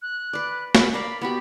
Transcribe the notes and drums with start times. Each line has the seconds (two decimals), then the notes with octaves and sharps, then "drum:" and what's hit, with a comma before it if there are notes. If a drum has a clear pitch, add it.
0.02 F#6
0.33 B4 D5
0.75 B5, drum: snare
0.93 A#4 D5 F5 B5
1.21 B3 F#4 G4 B5